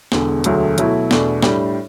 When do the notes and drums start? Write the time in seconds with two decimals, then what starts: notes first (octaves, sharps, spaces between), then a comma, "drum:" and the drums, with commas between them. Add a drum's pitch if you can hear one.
0.12 E1 E2 D3, drum: snare
0.44 E1 D2 D3 F#3 A3, drum: hi-hat
0.78 B2 F#3 A3 E4, drum: hi-hat
1.11 E2 B2 A3 D4, drum: snare
1.42 A2 G3 D4 G4, drum: snare